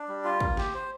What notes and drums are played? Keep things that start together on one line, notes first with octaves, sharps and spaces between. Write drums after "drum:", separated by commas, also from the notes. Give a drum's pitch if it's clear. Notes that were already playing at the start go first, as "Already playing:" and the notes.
Already playing: D4
G3
F4
A#3, drum: kick
G4, drum: snare
C5